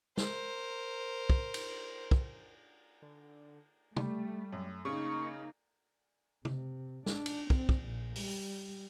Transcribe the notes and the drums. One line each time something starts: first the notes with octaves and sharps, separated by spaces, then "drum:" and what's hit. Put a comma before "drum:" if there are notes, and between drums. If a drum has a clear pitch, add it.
A#4 C5, drum: snare
drum: kick
drum: cymbal
drum: kick
D3
G3 A3, drum: tom
F#2
C#3 A#3 D#4 C#6
C3, drum: tom
D4, drum: snare
drum: cymbal
C4, drum: kick
drum: kick
A#1
G3, drum: open hi-hat